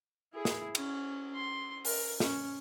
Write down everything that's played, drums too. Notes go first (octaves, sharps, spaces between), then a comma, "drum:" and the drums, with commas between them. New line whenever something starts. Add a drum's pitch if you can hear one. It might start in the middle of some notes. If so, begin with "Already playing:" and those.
E4 G#4
drum: snare
C#4, drum: cymbal
C6
A#4, drum: open hi-hat
C#4, drum: snare